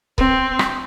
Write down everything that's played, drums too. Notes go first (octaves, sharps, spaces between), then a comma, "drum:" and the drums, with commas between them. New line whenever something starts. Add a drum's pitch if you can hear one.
C4, drum: kick C#1
drum: rim click